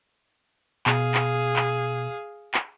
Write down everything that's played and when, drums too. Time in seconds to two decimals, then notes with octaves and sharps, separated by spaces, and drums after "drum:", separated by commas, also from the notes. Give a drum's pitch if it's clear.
0.86 B2 G#4 F5, drum: clap
1.14 drum: clap
1.56 drum: clap
2.54 drum: clap